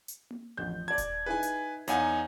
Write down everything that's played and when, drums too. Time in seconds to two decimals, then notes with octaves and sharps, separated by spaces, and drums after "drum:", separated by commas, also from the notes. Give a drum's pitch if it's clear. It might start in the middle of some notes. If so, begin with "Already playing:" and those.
0.08 drum: hi-hat
0.31 drum: tom A#3
0.57 A1 F2 G6
0.88 D5 A5 G#6
0.98 drum: kick D#1, hi-hat
1.26 D#4 E4 G#4 B4 G#5
1.43 drum: hi-hat
1.88 E2 D#4 C#5 F5 F#5 G#5, drum: hi-hat